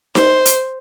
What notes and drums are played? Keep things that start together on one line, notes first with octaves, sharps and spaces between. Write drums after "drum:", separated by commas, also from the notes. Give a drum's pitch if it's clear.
C5, drum: snare D#4
drum: hi-hat